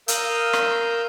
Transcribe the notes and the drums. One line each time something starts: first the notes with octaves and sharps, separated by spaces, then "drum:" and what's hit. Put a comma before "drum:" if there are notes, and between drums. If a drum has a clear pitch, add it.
A#4 F5 D#6 E6 G6, drum: hi-hat
drum: rim click